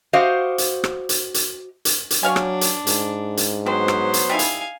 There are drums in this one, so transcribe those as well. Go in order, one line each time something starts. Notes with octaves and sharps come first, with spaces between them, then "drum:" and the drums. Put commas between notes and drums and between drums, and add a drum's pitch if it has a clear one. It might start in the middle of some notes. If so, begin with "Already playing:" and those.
F#4 G4 C5 D#5 F5
drum: hi-hat
drum: rim click
drum: hi-hat
drum: hi-hat
drum: hi-hat
drum: hi-hat
F#3 D4 C#5 F5 G#5
drum: rim click
drum: hi-hat
G#2, drum: hi-hat
drum: hi-hat
F#3 B3 C4 C5
drum: rim click
drum: hi-hat
G3 D#4 E4 F5 G#5
drum: hi-hat